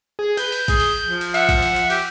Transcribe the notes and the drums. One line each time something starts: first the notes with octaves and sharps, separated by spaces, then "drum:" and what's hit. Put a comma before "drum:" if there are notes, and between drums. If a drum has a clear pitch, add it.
G#4
B4 G6, drum: cymbal
drum: cymbal
G#4, drum: kick, cymbal
drum: cymbal
F3
drum: cymbal
E5 F#5, drum: cymbal
drum: kick, cymbal
drum: cymbal
drum: cymbal
G4, drum: cymbal